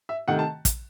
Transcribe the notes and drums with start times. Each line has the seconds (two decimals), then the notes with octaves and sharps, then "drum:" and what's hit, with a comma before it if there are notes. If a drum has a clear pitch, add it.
0.09 E5
0.28 C3 D#3 A3 F#5
0.39 A5
0.65 drum: kick, hi-hat